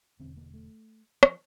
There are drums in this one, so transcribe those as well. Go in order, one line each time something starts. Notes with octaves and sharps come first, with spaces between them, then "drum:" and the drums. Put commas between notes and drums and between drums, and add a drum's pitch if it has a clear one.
E1 E2 D3 C4
A#3
A3
F3, drum: rim click